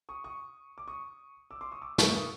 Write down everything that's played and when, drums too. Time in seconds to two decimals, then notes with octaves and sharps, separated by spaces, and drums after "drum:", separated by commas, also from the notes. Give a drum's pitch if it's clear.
0.09 C#6 D#6
0.24 C#6 D#6
0.78 D6
0.88 C#6 D#6
1.51 D6 E6
1.61 C6 D6
1.72 C#6 D#6
1.82 D6 E6
1.98 C#6 D#6, drum: snare
2.14 C#6 D#6